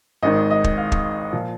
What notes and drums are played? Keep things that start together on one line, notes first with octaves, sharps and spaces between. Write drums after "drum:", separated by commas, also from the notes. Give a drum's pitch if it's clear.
G#1 G#2 D#3 D#5
D#5
drum: kick
F5
drum: kick
A#2 F3